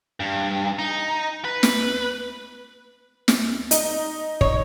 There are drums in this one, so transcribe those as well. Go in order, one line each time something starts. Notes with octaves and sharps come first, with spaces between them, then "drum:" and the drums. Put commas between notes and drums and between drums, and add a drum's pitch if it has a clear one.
G2
D#4
B4
drum: snare
drum: snare
D#4, drum: hi-hat
C#5, drum: kick